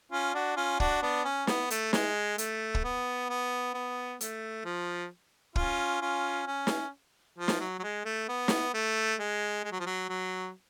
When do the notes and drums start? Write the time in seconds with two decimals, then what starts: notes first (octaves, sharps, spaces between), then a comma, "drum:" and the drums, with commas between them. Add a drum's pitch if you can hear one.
0.11 C#4 F4
0.34 D4 F#4
0.56 C#4 F4
0.80 D4 F#4, drum: kick
1.02 B3 D4
1.25 C#4
1.47 B3, drum: snare
1.70 A3, drum: hi-hat
1.93 G#3, drum: snare
2.38 A3, drum: hi-hat
2.75 drum: kick
2.84 B3
3.29 B3
3.74 B3
4.21 A3, drum: hi-hat
4.65 F3
5.56 C#4 F4, drum: kick
6.01 C#4 F4
6.47 C#4
6.67 drum: snare
7.38 F3
7.48 drum: snare
7.60 F#3
7.79 F#3
7.83 G#3
8.05 A3
8.28 B3
8.48 drum: snare
8.74 A3
9.19 G#3
9.64 G#3
9.72 F#3
9.80 F3
9.86 F#3
10.09 F#3